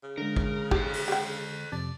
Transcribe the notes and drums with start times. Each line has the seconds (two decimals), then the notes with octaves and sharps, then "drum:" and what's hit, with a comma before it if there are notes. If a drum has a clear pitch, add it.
0.04 C#3
0.18 D3 G#3 A#4
0.36 drum: kick
0.71 G4 A4 C5, drum: kick
0.93 drum: open hi-hat
1.08 G4 G5
1.72 F2 C3 D5 A5